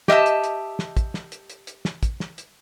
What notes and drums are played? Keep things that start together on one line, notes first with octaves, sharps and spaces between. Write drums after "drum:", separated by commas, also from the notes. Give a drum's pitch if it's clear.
G4 D#5 E5 A5, drum: snare
drum: hi-hat
drum: hi-hat
drum: snare
drum: kick, hi-hat
drum: snare
drum: hi-hat
drum: hi-hat
drum: hi-hat
drum: snare
drum: kick, hi-hat
drum: snare
drum: hi-hat